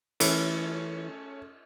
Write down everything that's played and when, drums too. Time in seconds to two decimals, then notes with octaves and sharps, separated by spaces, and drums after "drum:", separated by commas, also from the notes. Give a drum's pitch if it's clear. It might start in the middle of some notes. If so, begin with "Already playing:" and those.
0.20 E3 A3 C#4, drum: cymbal